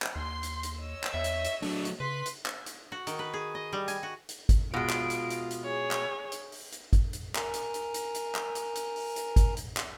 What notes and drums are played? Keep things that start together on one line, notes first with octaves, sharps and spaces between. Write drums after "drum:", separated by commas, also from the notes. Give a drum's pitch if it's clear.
drum: clap
D#2 C6
drum: hi-hat
drum: hi-hat
C#5 D#5 E6
drum: clap
E2 E5
drum: hi-hat
drum: hi-hat
F#3 A3 D4, drum: open hi-hat
drum: hi-hat
C#3 B4 C6 B6
drum: hi-hat
drum: clap
drum: hi-hat
F#4
D#3, drum: hi-hat
B4
G#4
D#5
G3
G#5, drum: hi-hat
F#4
drum: hi-hat
drum: kick, hi-hat
B2 G#3 F4 D7
drum: clap
drum: hi-hat
drum: hi-hat
drum: hi-hat
G#4 C#5
drum: clap
drum: hi-hat
drum: open hi-hat
drum: hi-hat
drum: kick, hi-hat
drum: hi-hat
A#4 G#5 A#5, drum: clap
drum: hi-hat
drum: hi-hat
drum: hi-hat
drum: hi-hat
drum: clap
drum: hi-hat
drum: hi-hat
drum: open hi-hat
drum: hi-hat
drum: kick, hi-hat
drum: hi-hat
drum: clap